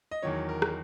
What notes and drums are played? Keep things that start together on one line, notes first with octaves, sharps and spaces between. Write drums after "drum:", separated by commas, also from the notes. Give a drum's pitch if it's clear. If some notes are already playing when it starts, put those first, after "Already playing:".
D#5
E2 D#3 F#3 C#5
A#4
drum: rim click